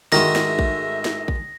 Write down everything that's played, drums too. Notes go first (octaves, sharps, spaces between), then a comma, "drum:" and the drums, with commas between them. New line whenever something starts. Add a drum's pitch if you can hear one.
G#2 D#3 G#3 A3 F#4 A#4 E5 A#6, drum: snare
drum: snare
drum: kick
drum: snare
drum: kick